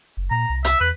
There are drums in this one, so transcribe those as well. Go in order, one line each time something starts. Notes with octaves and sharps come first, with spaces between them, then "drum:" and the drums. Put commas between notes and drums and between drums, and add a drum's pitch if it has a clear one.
F#1
A#2 A#5
C2
E5, drum: hi-hat
E2 B4